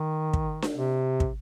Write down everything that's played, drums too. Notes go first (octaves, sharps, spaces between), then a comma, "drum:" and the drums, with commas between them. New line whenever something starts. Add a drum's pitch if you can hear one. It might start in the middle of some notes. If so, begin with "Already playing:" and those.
Already playing: D#3
drum: kick
drum: snare D4
C3
drum: kick